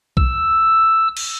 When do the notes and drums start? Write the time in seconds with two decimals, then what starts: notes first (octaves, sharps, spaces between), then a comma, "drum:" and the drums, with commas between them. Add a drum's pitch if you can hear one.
0.17 E6, drum: kick B1
1.17 drum: cymbal